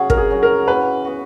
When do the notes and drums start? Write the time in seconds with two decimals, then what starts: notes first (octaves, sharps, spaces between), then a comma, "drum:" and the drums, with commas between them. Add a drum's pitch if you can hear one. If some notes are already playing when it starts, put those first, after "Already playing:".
Already playing: C#3 F#3 C#4 F#4 G#4
0.10 A#4, drum: kick
0.18 G#4
0.30 F#3 C#4 F#4
0.43 A#4
0.68 E3 B4
1.05 B3 F#4